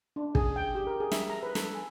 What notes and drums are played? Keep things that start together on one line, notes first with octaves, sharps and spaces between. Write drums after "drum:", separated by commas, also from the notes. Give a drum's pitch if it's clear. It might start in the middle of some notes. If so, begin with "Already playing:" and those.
D4
G#4, drum: kick
G5
G4
A#4
G#4
E5, drum: snare
A#5
B4
A4, drum: snare
G#5